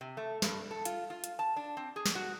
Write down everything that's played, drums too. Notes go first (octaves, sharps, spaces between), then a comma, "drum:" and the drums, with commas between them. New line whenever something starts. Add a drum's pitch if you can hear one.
C3
A3
G2, drum: snare
A4
F4, drum: hi-hat
F4
drum: hi-hat
A5
D4
C4
G#4
drum: snare
F#4